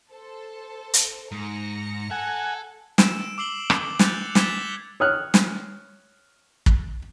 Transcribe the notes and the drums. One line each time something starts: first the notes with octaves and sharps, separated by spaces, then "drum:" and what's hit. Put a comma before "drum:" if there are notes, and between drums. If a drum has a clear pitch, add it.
A4 C5
drum: hi-hat
G#2 A#5 A#6 C#7
A4 F#5 G#5
E6 D7 E7, drum: snare
D6 E6 C7 F#7 G7
drum: rim click
F#6 G6 A6 C#7 F7, drum: snare
D6 G#6 A6 B6 E7 G7, drum: snare
C#5 D#6 F6 F#6
drum: snare
drum: kick